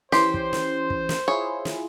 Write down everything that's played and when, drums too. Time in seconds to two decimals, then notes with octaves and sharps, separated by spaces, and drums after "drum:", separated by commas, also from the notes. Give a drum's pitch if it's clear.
0.12 E3 C#4 G4 C5 C6, drum: snare
0.34 drum: kick
0.53 drum: snare
0.90 drum: kick
1.09 drum: snare
1.28 E4 F4 G#4 C#5
1.65 drum: snare